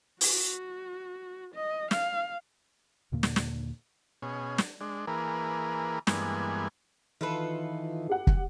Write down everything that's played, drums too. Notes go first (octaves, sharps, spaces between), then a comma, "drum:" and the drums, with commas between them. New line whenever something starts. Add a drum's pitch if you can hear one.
F#4, drum: open hi-hat
D#5
F5, drum: snare
D#2 A#2 D3 A#3
drum: snare
drum: snare
B2 C#4 G#4
drum: snare
G#3 D4
E3 A#3 G#4 A#4 B4
G2 E3 G#3 A#3 B3 G#5, drum: snare
D#3 E3 F4 A4 B4
G4 F#5
drum: kick